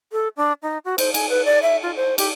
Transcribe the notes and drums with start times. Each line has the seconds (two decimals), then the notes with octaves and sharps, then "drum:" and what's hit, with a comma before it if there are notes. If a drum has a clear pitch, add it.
0.12 A4
0.37 D4
0.63 D#4
0.85 F#4
0.98 C5, drum: cymbal
1.14 G#5, drum: cymbal
1.30 B4
1.45 D5
1.62 E5
1.83 F4
1.96 C5
2.18 G4, drum: cymbal